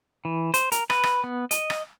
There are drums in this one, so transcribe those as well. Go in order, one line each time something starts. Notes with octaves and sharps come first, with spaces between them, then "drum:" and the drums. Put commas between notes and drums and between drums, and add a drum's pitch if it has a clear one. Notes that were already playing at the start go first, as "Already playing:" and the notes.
E3
C5, drum: hi-hat
A#4, drum: hi-hat
B4, drum: rim click
drum: rim click
B3
D#5, drum: hi-hat
drum: rim click